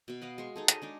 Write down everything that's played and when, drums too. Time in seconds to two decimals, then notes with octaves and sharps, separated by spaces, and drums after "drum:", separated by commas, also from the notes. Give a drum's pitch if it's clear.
0.08 B2 E5
0.21 B4 D#5 F5 F#5
0.38 G#3 C6 C#6
0.56 D#4 G#4 A4
0.68 C#5 D#5, drum: hi-hat
0.82 G#3 D4 D#4 D6